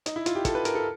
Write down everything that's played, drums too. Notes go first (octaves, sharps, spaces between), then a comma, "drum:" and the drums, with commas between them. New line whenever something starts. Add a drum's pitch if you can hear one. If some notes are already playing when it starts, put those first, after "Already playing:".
D#4, drum: hi-hat
E4
F4, drum: hi-hat
G4
A4, drum: kick, hi-hat
B4
A#4, drum: hi-hat
A4